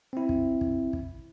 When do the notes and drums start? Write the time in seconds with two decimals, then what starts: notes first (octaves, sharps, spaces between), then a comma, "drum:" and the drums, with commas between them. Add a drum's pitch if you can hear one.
0.13 C4 E4
0.29 drum: kick
0.61 drum: kick
0.93 drum: kick